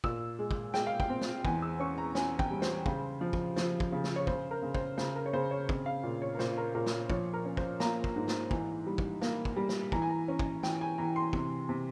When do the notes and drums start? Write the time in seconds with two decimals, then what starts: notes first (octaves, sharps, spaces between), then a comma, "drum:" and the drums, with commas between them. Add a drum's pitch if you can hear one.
0.04 A#2 E6, drum: kick
0.39 G#3
0.51 drum: kick
0.74 G#3 G5, drum: snare
0.87 F5
1.00 G5, drum: kick
1.10 C4
1.21 drum: snare
1.45 E2 G#5, drum: kick
1.62 E6
1.80 C#4 C#6
1.98 A#5
2.15 C#4 G#5, drum: snare
2.39 G5, drum: kick
2.51 G3
2.62 C5, drum: snare
2.86 C#3, drum: kick
3.21 F3
3.33 drum: kick
3.56 F3, drum: snare
3.80 drum: kick
3.92 C#3
4.04 drum: snare
4.16 C#5
4.27 C#3 C5, drum: kick
4.51 A#4
4.62 C#3
4.75 C5, drum: kick
4.98 C#3 C5, drum: snare
5.16 A#4
5.26 C#5
5.33 C#3 C5
5.51 C#5
5.69 C4, drum: kick
5.86 F5
6.03 A#2
6.22 C#5
6.35 A#4
6.39 A#2 C5, drum: snare
6.57 A#4
6.75 A#2 A#4
6.86 drum: snare
7.10 F3 C#5, drum: kick
7.34 A#4
7.45 C#4
7.57 C5, drum: kick
7.80 A#3 A#5, drum: snare
8.04 drum: kick
8.16 G#2
8.28 drum: snare
8.51 E3, drum: kick
8.86 G3
8.98 drum: kick
9.22 A#3, drum: snare
9.45 drum: kick
9.56 G3
9.69 drum: snare
9.92 E3 A#5, drum: kick
10.02 G#5
10.09 A#5
10.28 C#4
10.39 drum: kick
10.63 E3 G5, drum: snare
10.81 G#5
10.98 E3 A#5
11.16 C6
11.33 C3, drum: kick
11.69 C3